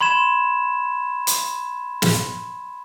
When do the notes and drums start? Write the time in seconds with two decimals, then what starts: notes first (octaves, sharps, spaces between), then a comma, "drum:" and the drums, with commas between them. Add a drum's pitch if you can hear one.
0.01 B5 C6 G#6 E7
1.27 drum: hi-hat
2.02 drum: snare